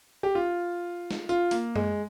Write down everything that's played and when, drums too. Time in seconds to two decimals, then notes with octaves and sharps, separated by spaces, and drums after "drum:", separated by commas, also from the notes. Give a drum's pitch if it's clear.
0.23 G4
0.35 F4
1.11 drum: snare
1.29 F4, drum: tambourine
1.51 A#3, drum: open hi-hat
1.76 G#3, drum: tom F#2